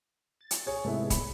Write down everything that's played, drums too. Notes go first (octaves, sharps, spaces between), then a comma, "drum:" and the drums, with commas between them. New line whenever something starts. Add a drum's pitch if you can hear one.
A6
drum: hi-hat
G#4 C#5 G#5
G#2 C3 G#3 A3 B3 E4
B5, drum: kick, hi-hat